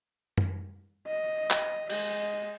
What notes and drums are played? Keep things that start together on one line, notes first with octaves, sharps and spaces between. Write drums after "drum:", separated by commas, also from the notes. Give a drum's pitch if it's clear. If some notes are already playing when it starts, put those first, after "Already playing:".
drum: tom F#2
D#5
drum: clap
G#3 D#5, drum: cymbal